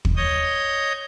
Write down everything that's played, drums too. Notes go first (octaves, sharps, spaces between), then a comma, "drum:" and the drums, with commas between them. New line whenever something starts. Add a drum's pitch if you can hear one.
drum: kick
C#5 D#5 D#6 G6